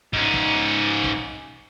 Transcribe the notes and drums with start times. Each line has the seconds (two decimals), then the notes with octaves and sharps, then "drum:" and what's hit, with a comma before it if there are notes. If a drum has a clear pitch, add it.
0.13 G#2 C#4, drum: kick
0.34 drum: kick
1.04 drum: kick